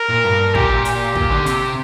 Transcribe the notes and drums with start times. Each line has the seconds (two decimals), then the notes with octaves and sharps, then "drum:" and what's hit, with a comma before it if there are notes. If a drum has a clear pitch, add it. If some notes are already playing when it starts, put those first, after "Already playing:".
Already playing: A#4
0.09 A#2
0.24 G2
0.55 A#2 G4, drum: kick
0.85 G4, drum: hi-hat
1.15 A#2, drum: kick
1.30 D3
1.46 C3, drum: hi-hat